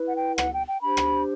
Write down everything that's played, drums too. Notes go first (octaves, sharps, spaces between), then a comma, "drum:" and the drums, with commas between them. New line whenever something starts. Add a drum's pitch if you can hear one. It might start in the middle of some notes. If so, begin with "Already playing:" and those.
Already playing: E4 B4
F#5
G5
F#5, drum: rim click
G5
G5
D4 G4 C5 B5
drum: rim click